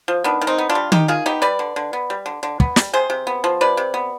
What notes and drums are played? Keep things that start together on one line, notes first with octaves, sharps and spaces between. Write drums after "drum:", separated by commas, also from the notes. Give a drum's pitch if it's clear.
F3
D#3 B3 D4
D#3
C4 D#4
B3
D4 F4
G3
D#3 D#4 G4, drum: tom
D#3 F4 G#4
B3 D#4 G4
G3 B4 D5
D3
D3
B3
G3
D3
D3
B3, drum: kick
G3, drum: snare
C3 G#4 C5
C3
B3
F3
C3 B4 D5
C3
B3